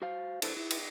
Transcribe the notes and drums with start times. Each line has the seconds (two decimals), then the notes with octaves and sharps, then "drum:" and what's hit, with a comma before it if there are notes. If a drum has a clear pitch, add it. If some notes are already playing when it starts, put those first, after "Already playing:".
0.02 F#4 C5 F5
0.42 D4 E4 A4 C5, drum: cymbal
0.57 E4
0.70 drum: cymbal